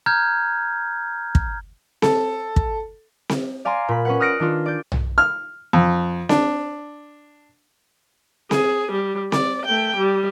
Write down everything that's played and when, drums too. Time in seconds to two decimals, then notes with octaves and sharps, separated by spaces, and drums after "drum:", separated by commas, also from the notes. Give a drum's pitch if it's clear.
0.06 A#5 F6 G6 G#6
1.35 drum: kick
2.02 A4, drum: snare C4
2.56 drum: kick
3.29 drum: snare C4
3.65 D5 F5 G#5 A#5 C6
3.89 A#2 B5
4.05 C#4 B4 F#5
4.20 D#6 F6 F#6 A#6 C#7 D7
4.40 D#3 D4 F4
4.66 D5 G6
4.92 drum: tom
5.18 F6
5.73 F2
6.29 D4, drum: snare C4
8.51 G#4, drum: snare C4
8.92 G3
9.32 D5, drum: snare C4
9.66 A3 G5
9.96 G3